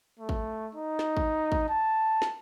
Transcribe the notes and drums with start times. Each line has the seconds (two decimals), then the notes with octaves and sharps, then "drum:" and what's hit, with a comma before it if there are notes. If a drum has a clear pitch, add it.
0.19 A3
0.29 drum: kick
0.75 D#4
0.99 drum: snare
1.17 drum: kick
1.52 drum: kick
1.69 A5
2.22 drum: snare